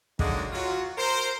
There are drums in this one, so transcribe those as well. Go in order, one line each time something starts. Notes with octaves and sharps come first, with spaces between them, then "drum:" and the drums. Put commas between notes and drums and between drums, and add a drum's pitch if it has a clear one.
D3 D#3 F#3 G#3 A#3 F#4, drum: kick
F#3 F4 F#4
A#4 C5